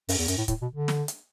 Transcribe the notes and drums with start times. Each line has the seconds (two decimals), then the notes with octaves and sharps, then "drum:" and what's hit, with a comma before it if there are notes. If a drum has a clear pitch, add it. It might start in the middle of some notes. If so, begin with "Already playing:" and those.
0.09 F#2, drum: open hi-hat
0.18 E2
0.28 F#2, drum: hi-hat
0.37 A2
0.48 A2, drum: kick, hi-hat
0.62 B2
0.75 D3
0.88 drum: snare
1.08 drum: hi-hat